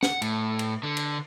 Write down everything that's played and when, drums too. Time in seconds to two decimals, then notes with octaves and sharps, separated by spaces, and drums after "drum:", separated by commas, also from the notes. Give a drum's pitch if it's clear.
0.03 F#5, drum: snare
0.22 A2, drum: cymbal
0.59 drum: cymbal
0.83 D3
0.97 drum: cymbal